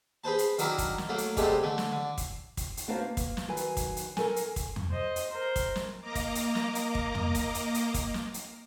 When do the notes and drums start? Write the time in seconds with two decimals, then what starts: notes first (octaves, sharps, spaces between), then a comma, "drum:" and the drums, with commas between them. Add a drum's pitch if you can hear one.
0.24 G#4 B4 C5 A5
0.39 drum: hi-hat
0.58 D#3 F#3 D4 E4 A#4, drum: hi-hat
0.78 drum: kick, hi-hat
0.98 drum: snare
1.09 F#3 A3 A#3
1.18 drum: hi-hat
1.37 G2 C3 G#3 A3, drum: kick, hi-hat
1.63 D3 A3
1.78 drum: snare
1.92 D3
2.18 drum: kick, hi-hat
2.57 drum: kick, hi-hat
2.77 drum: hi-hat
2.88 B3 D4 D#4 F#4 C5 F5
2.99 A#3
3.17 drum: kick, hi-hat
3.37 drum: snare
3.48 D#3 F#3 B4 G#5
3.57 drum: hi-hat
3.77 drum: kick, hi-hat
3.97 drum: hi-hat
4.17 A4 A#4 G#5, drum: snare
4.36 drum: hi-hat
4.56 drum: kick, hi-hat
4.76 drum: tom E2
4.91 C5 D#5
5.16 drum: hi-hat
5.30 A#4 C5
5.56 drum: kick, hi-hat
5.76 drum: snare
6.00 A#3 D#5 A#5 D6
6.15 drum: kick, hi-hat
6.35 drum: hi-hat
6.55 drum: snare
6.75 drum: hi-hat
6.95 drum: kick
7.15 drum: tom E2
7.35 drum: kick, hi-hat
7.55 drum: hi-hat
7.74 drum: hi-hat
7.94 drum: kick, hi-hat
8.14 drum: snare
8.34 drum: hi-hat